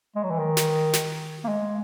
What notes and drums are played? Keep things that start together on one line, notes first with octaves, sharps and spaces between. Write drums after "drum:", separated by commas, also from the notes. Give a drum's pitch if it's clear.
G#3
F#3
E3
D#3
drum: snare
drum: snare
A#3
G#3